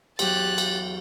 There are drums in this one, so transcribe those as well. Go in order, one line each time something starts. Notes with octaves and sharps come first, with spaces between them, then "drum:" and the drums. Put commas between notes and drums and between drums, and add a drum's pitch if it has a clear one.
E2 F#3 G4 F#6 A6, drum: cymbal
drum: cymbal